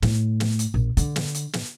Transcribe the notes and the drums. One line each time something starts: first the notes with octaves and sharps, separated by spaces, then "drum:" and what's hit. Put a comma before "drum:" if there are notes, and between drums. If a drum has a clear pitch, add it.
A2, drum: snare
drum: snare
drum: hi-hat
A#1
D3, drum: hi-hat
drum: snare
drum: hi-hat
drum: snare